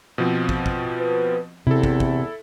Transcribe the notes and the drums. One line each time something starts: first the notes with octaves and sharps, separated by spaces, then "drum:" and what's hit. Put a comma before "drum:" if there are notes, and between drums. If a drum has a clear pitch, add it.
B2 F3 C4
drum: kick
drum: kick
B4
E2 C3 E4 A4
drum: kick
drum: kick